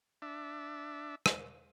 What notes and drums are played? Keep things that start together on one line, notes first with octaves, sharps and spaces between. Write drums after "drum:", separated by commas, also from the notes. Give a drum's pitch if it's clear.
D4 E5
drum: rim click